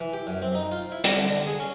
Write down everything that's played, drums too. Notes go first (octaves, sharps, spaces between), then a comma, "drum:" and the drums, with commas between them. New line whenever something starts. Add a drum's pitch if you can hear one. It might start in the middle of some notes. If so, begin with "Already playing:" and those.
E3
G4
F#2
C4
D#4
F4
E4
G3, drum: hi-hat
D3
D3
G#4
C#4